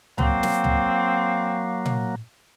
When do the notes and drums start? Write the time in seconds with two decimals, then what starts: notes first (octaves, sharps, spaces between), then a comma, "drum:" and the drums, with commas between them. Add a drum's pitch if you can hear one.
0.18 F#3 A#3 C4 F5 C#6 D6, drum: tom C#2
0.43 drum: snare
0.64 drum: tom C#2
1.85 drum: tom A#2